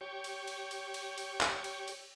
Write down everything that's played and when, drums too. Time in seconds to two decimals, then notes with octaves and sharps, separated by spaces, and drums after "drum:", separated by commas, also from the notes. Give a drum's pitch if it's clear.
0.01 G4 C#5
0.24 drum: cymbal
0.48 drum: cymbal
0.71 drum: cymbal
0.94 drum: cymbal
1.18 drum: cymbal
1.41 drum: clap
1.64 drum: cymbal
1.88 drum: cymbal